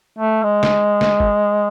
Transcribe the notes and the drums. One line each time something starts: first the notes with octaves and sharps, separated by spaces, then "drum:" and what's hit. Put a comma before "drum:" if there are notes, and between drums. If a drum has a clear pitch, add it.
A3
G#3
drum: snare
drum: snare
drum: kick G1